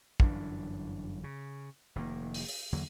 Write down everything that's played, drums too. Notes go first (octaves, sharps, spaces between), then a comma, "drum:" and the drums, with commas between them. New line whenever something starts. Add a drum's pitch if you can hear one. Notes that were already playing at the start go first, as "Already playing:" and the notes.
G1 F#2 E3 D4, drum: kick
C#3
F1 D#3 A#3
drum: open hi-hat
drum: open hi-hat
E2 D3 F#3 A#3